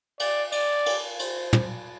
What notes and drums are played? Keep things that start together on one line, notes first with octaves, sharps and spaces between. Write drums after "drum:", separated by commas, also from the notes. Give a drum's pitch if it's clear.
D5, drum: cymbal
D5, drum: cymbal
drum: cymbal
C5, drum: cymbal
drum: tom